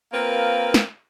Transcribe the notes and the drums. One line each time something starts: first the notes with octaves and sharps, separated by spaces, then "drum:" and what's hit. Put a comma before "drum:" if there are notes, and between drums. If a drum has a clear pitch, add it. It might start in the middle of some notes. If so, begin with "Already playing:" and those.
A#3 C4 F4 A#4 B4
drum: snare